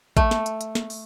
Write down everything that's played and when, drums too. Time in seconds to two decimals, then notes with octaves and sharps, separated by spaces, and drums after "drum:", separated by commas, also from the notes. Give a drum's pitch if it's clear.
0.17 A3, drum: kick A1, hi-hat
0.31 drum: snare
0.46 drum: hi-hat
0.61 drum: hi-hat
0.75 drum: snare
0.90 drum: open hi-hat